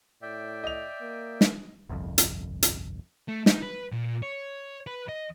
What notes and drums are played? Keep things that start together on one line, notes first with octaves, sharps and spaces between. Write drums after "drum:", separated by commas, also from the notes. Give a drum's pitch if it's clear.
A2 D5 E5 G5
D#5 F7
A#3
drum: snare
G1 C2 F2
drum: hi-hat
drum: hi-hat
A3
D#4, drum: snare
B4
A#2
C#5
B4
D#5